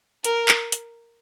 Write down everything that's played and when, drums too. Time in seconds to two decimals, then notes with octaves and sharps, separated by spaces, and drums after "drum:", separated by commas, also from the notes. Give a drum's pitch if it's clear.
0.24 A#4, drum: hi-hat
0.48 drum: clap
0.72 drum: hi-hat